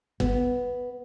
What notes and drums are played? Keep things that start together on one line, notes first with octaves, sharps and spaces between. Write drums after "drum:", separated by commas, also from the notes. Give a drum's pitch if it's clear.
B3, drum: kick G1